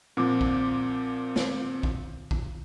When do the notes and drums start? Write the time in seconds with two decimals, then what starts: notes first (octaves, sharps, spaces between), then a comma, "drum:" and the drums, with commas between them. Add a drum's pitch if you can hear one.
0.17 A#2 F3 C4 D6
0.41 drum: kick
1.36 drum: snare
1.83 drum: kick
2.31 drum: kick